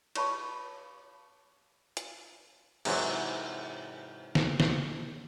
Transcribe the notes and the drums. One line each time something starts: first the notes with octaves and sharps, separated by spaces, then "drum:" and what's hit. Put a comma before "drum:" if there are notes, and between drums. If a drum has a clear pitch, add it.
G4 C#5 A5 B5 C#6, drum: cymbal
drum: hi-hat
G#2 C3 E3 F#3, drum: cymbal
drum: snare
drum: snare